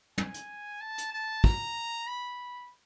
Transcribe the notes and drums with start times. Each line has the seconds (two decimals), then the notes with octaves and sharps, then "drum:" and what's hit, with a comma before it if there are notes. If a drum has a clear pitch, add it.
0.18 G#5, drum: tom
0.34 drum: hi-hat
0.81 A5
0.98 drum: hi-hat
1.13 A5
1.44 A#5, drum: kick
2.07 B5